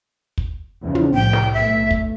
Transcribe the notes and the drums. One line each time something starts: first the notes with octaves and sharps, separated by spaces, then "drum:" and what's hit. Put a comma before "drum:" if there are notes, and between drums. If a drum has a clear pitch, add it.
drum: kick
E2 C#3 F3
drum: tom
C2 A2 G5
drum: snare
B1 A3 E5
drum: kick